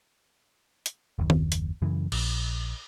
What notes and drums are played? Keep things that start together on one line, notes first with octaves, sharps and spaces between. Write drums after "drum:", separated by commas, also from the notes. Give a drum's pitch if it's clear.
drum: hi-hat
F#1 D#2
drum: tom D#3
drum: hi-hat
F#2 C#3 E3
A#1, drum: cymbal